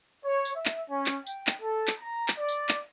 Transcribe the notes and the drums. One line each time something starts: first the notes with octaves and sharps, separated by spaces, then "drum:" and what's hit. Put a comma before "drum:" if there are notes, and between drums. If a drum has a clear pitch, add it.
C#5
drum: tambourine
E5
drum: clap
C#4
drum: clap
G5, drum: tambourine
drum: clap
A4
drum: clap
A#5
drum: clap
D5
drum: tambourine
drum: clap